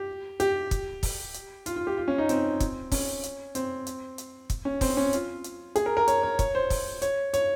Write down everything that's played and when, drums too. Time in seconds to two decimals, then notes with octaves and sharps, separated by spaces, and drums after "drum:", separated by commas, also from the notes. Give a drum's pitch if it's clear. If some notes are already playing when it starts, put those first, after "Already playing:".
Already playing: G4
0.40 G4, drum: hi-hat
0.71 drum: kick, hi-hat
1.03 drum: kick, open hi-hat
1.34 drum: hi-hat
1.66 F4, drum: hi-hat
1.76 F4
1.87 G4
1.97 F4
2.08 C#4
2.18 D#4
2.29 C4, drum: hi-hat
2.60 drum: kick, hi-hat
2.92 C#4, drum: kick, open hi-hat
3.23 drum: hi-hat
3.55 C4, drum: hi-hat
3.87 drum: hi-hat
4.18 drum: hi-hat
4.50 drum: kick, hi-hat
4.65 C#4
4.81 C4, drum: kick, open hi-hat
4.97 C#4
5.13 F4, drum: hi-hat
5.44 drum: hi-hat
5.75 G#4, drum: hi-hat
5.86 A#4
5.97 A#4
6.08 C#5, drum: hi-hat
6.23 C#5
6.39 C#5, drum: kick, hi-hat
6.55 C5
6.70 drum: kick, open hi-hat
7.02 C#5, drum: hi-hat
7.34 C#5, drum: hi-hat